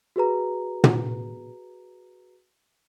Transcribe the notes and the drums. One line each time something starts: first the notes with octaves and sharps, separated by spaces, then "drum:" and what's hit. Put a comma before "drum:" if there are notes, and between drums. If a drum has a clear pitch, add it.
F#4 G#4 B4 A#5
drum: tom